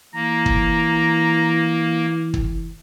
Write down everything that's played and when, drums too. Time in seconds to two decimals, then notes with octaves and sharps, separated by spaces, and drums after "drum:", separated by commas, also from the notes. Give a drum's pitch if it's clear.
0.14 E3 A#3 A#5
0.46 drum: kick
2.34 drum: kick